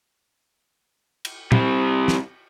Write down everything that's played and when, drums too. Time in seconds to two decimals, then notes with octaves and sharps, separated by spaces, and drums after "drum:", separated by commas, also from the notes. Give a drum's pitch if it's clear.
1.25 drum: cymbal
1.52 C3 G3, drum: tom
2.08 drum: snare